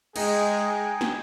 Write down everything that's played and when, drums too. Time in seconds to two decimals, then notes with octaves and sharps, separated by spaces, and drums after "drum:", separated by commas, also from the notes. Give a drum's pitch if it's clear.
0.16 G#3 D#4 G#4 D#5 G5 G#5, drum: cymbal
1.01 drum: snare